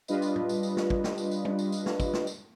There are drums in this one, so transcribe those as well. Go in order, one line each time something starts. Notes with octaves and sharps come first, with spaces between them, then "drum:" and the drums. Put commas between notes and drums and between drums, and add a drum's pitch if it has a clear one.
G3 D4 F4 B4 D#5, drum: tambourine
drum: tambourine
drum: tom A2
drum: tambourine
drum: tambourine
drum: snare
drum: kick
drum: snare
drum: tambourine
drum: tambourine
drum: tom
drum: tambourine
drum: tambourine
drum: snare
drum: kick, tambourine
drum: snare
drum: tambourine